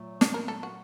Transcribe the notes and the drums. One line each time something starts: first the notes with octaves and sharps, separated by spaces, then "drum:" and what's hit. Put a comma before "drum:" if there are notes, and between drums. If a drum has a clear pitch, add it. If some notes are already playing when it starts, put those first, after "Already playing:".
Already playing: A#2 F#3 A3
A4, drum: snare
A#4
A4
F#4